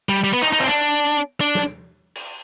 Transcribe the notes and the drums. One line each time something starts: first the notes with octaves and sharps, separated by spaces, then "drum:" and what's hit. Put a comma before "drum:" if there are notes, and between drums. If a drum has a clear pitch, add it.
G3
G3
B3
D#4, drum: clap
D#4
C4, drum: clap
D4
D4
drum: snare
drum: cymbal